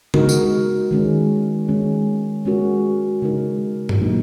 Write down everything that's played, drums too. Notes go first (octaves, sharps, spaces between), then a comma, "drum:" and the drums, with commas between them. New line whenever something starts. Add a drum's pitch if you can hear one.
G#3 D#4 F#4 A#4, drum: tom C#3
drum: tambourine
D#3 G#3 C#4
D#3 G#3 C#4
G#3 C#4 F#4 A#4
C#3 G#3 D#4 A#4
drum: tom G2
A#2 F#3 A#3 D#4